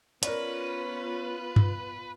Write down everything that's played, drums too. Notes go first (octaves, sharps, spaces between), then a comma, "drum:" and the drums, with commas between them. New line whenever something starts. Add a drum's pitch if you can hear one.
B3 C#4 F4 A#4 B4 D5, drum: hi-hat
drum: tom G2